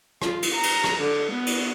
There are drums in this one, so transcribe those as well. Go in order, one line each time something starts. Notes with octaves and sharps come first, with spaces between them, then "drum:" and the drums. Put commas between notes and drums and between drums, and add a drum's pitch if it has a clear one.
F4, drum: rim click
drum: cymbal
A#5
drum: cymbal
drum: rim click
D3
B3
drum: cymbal